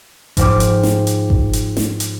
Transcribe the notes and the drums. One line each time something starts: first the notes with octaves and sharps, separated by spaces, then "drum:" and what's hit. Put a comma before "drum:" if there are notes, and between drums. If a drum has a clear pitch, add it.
G#2 F3 G5 D6, drum: kick G1, hi-hat
drum: hi-hat
drum: snare
drum: hi-hat
drum: kick G1
drum: hi-hat
drum: snare
drum: hi-hat